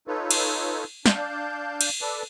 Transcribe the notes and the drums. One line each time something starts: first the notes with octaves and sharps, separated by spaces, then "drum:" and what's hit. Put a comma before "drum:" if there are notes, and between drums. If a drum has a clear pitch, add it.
D#4 F4 A4 B4 C#5
drum: cymbal
D4 D5 F5 A5 G6, drum: snare
drum: cymbal
A4 B4 D5 A5